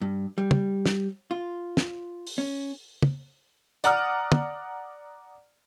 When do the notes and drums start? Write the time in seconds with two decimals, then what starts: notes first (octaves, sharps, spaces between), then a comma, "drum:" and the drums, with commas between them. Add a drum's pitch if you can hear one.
0.01 G2
0.38 G3
0.51 drum: tom
0.86 drum: snare
1.31 F4
1.77 drum: snare
2.27 drum: open hi-hat
2.38 C#4
3.02 drum: tom
3.84 D5 F#5 A#5 D#6 F6, drum: hi-hat
4.32 drum: tom